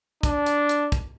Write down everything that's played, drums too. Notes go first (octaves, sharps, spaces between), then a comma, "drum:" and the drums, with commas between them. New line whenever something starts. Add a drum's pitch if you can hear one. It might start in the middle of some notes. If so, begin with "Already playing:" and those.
D4, drum: kick, hi-hat
drum: hi-hat
drum: hi-hat
drum: kick, hi-hat